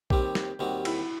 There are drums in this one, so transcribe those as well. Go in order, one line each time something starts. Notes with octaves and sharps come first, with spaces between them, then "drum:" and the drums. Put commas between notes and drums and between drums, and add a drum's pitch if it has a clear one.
D#2 D#3 G3 C4 G4, drum: kick A#1
drum: snare
D#2 D#3 G3 C4 F#4
E4, drum: cymbal